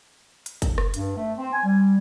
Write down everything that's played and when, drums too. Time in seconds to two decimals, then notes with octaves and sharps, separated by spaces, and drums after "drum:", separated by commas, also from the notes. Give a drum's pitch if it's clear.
0.46 drum: hi-hat
0.62 drum: kick, hi-hat
0.78 drum: rim click
0.94 G2, drum: hi-hat
1.17 A3
1.38 C4
1.53 G#5
1.65 G3